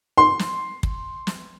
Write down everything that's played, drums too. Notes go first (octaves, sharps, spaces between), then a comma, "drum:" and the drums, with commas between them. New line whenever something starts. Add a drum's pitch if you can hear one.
C6
drum: snare
drum: kick
drum: snare